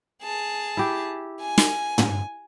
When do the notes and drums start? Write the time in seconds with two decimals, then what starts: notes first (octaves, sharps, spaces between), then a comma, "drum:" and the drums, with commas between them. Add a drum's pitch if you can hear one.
0.23 G#4 A5
0.77 E4 G4
1.41 G#5
1.58 drum: snare
1.98 drum: tom